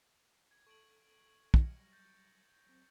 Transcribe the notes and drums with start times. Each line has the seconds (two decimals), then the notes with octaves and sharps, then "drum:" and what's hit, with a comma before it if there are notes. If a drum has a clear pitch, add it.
0.51 G#6
0.67 A4 C#6 D7 F#7
1.54 F#3 G3 F6 A#6 C#7, drum: kick
1.92 G6 A6
2.67 F#3 C4